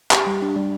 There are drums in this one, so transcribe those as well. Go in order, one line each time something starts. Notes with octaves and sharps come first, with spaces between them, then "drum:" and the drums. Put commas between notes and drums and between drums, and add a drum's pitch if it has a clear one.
G4, drum: clap
G3
D4
G3